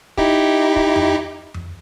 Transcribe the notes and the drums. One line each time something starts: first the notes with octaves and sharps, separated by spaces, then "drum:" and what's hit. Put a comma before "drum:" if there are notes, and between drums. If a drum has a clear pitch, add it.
D#4 E4 G4, drum: kick
drum: kick
drum: tom F2
drum: tom F2